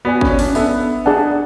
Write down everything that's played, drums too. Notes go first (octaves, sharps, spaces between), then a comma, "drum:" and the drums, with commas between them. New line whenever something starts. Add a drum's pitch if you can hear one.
B3 F#4 B4 D5 G#5
C#4, drum: kick G#1
D4, drum: open hi-hat
B3 D4 A4 E5, drum: tambourine
D4 G#4 D5 F#5 A5